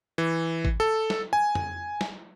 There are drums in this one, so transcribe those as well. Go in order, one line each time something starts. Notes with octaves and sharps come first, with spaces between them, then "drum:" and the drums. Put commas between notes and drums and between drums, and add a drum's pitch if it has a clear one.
E3
drum: kick G#1
A4
drum: snare
G#5
drum: tom F2
drum: snare